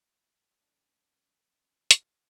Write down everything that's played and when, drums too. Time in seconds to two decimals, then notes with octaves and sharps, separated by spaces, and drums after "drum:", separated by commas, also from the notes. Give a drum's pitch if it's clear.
0.61 A1 F#2 D4 A4
1.91 drum: hi-hat